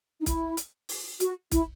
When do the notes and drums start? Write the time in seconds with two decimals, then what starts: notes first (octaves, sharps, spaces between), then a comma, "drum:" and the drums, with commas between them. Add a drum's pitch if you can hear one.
0.20 D#4
0.26 E4, drum: kick, hi-hat
0.57 drum: hi-hat
0.89 drum: open hi-hat
1.20 F#4, drum: hi-hat
1.52 E4, drum: kick, hi-hat